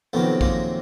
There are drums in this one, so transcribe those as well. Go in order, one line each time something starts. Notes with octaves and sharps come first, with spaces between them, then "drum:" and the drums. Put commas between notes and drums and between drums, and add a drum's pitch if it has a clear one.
F2 C3 D#3 F#3 A3 B3
G#3 A#3, drum: kick A1